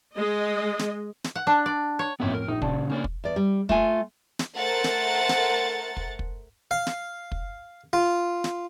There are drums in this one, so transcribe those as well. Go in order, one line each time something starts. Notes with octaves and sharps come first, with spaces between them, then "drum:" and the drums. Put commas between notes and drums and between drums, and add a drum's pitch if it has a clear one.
G#3 D#5
drum: snare
drum: snare
F#5
D4
D5
C#5
A1 F2 B3 C#4 E5
A#4
A#1 D#4
A#2 C#3 D5 A5, drum: kick
C#3 A#3 C#4 D4
drum: kick
E2 D5
G3
A3 F4 G#5, drum: kick
drum: snare
A3 A#4 C5 F#5 A6
drum: snare
drum: snare
drum: kick
drum: kick
F5
drum: snare
drum: kick
F4
drum: snare